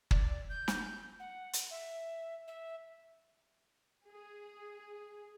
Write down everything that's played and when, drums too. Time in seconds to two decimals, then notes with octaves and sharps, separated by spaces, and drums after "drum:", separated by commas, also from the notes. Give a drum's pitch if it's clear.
0.11 D5, drum: kick
0.49 G6
0.68 drum: snare
1.20 F#5
1.53 drum: hi-hat
1.71 E5
2.48 E5
4.08 G#4